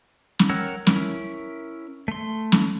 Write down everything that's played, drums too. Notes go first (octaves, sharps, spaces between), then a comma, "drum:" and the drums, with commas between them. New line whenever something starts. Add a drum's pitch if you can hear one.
drum: snare
A#4 C#5 F#5 G5 E6
C#4 E4 A#4, drum: snare
A3 C6
drum: snare